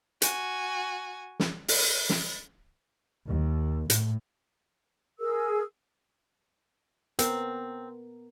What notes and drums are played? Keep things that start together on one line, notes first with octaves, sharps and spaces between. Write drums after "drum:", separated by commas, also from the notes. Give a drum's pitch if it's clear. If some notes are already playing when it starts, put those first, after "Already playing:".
F#4 G#5, drum: hi-hat
drum: snare
drum: open hi-hat
drum: snare
D#2
A2, drum: hi-hat
G#4 A#4 E6
B3 C4 A#4, drum: hi-hat